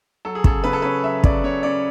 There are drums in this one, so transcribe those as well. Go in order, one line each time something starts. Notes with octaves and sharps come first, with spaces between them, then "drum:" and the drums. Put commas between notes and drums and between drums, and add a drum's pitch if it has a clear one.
F#3 A4
G#4
C#3 A4, drum: kick
C#3 B4
A4
C#4 B4
F#3 E5
C#3 D5, drum: kick
C#3 C#5
C#4 D5